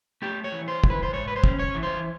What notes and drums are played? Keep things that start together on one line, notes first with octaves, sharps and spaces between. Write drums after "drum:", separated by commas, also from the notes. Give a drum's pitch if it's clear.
A3 G4
C#5
E3
C5
E3, drum: kick
B4
C5
G#2 C#5
B4
C5
C#4, drum: kick
C#5
E3
C5